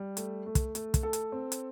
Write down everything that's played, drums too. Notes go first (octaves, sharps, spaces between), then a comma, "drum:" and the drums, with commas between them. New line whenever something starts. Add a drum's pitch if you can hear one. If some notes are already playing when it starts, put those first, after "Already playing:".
Already playing: G3
A3, drum: hi-hat
A3
drum: kick, hi-hat
A3, drum: hi-hat
drum: kick, hi-hat
A4
drum: hi-hat
C4
drum: hi-hat